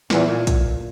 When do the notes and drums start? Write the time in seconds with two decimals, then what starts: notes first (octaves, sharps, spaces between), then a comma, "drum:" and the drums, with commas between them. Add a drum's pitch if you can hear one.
0.10 E2 A#2, drum: snare
0.28 A#2
0.47 drum: kick, hi-hat